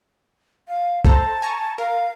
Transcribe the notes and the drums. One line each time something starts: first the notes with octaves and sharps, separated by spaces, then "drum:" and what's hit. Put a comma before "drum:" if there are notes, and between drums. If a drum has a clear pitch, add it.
F5
A4 C5 A5 A#5, drum: kick
G#5 A#5 C#6
A#4 F5